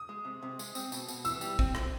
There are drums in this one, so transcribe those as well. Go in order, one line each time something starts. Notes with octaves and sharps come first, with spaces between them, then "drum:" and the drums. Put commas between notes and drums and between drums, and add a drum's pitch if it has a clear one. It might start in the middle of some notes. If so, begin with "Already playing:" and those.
Already playing: D#6
G#3
C3
C3
G#3, drum: tambourine
C4, drum: tambourine
B2, drum: tambourine
B2, drum: tambourine
E3 E6, drum: tambourine
G3, drum: tambourine
C4, drum: kick A#1
C3, drum: rim click